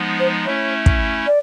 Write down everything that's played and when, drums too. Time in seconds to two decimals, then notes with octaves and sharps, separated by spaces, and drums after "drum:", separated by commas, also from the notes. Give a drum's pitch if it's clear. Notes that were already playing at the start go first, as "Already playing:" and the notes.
Already playing: F3 G#3 B3 D#4
0.19 C5
0.45 A3 C#4 E4 C#5
0.86 drum: kick
1.26 D5